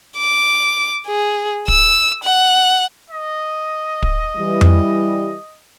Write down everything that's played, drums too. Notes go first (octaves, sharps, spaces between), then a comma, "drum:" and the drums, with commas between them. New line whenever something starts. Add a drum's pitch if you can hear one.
D6
G#4
E6, drum: kick
F#5
D#5
drum: kick
E3 G3
drum: tom F2